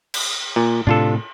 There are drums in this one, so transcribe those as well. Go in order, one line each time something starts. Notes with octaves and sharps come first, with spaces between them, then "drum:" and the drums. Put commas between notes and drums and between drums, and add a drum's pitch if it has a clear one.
drum: cymbal
A#2
A2 C3 D4 F4 A4